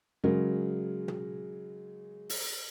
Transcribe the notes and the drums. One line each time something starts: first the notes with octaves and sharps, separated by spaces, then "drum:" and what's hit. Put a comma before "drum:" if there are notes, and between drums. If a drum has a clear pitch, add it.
C#3 F#3 G#3 A#4
drum: tom
drum: open hi-hat